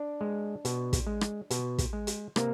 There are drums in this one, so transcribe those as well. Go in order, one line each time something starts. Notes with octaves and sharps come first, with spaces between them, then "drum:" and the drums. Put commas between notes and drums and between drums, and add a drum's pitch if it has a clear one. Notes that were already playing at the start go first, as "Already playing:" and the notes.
Already playing: D4
G#3
B2, drum: hi-hat
drum: kick, hi-hat
G#3
drum: rim click
B2, drum: hi-hat
drum: kick, hi-hat
G#3
drum: hi-hat
C3 A#3, drum: rim click